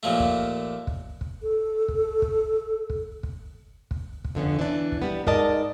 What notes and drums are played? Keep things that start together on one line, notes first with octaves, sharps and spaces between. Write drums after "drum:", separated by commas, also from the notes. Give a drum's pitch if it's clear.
D#2 A#2 F3 A3
drum: kick
drum: kick
drum: kick
A4
drum: kick
drum: kick
drum: kick
drum: kick
drum: kick
drum: kick
F2 D3 B3 C#4
E3 D4
drum: kick
G3 B3
G#2 A#4 D5 D#5 A5, drum: kick